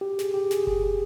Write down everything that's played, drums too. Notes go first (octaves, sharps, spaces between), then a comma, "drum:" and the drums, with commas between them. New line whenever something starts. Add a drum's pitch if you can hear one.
G4
G#4, drum: snare
G4
G#4, drum: snare
G#4, drum: kick F#1
G#4